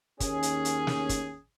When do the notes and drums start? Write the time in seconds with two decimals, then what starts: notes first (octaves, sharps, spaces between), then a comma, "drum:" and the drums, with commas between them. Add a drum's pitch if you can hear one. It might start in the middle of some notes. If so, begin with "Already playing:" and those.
0.20 D#2 C#4 G#4, drum: kick, hi-hat
0.43 drum: hi-hat
0.65 drum: hi-hat
0.87 drum: snare
1.09 drum: kick, hi-hat